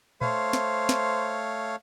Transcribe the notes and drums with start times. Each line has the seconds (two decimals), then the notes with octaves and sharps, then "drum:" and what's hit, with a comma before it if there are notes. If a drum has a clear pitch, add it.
0.21 A3 C5 C#5 F5, drum: tom
0.53 drum: snare
0.89 drum: snare